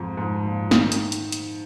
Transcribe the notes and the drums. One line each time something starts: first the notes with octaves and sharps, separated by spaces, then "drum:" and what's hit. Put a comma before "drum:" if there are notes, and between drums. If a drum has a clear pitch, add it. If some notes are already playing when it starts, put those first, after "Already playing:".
Already playing: F2 G#2
G#2
A#2
D#3, drum: snare
drum: hi-hat
drum: hi-hat
drum: hi-hat